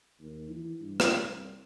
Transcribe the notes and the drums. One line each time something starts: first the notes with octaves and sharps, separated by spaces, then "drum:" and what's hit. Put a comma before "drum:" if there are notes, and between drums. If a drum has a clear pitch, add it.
D#2
E3
G2
drum: rim click
C2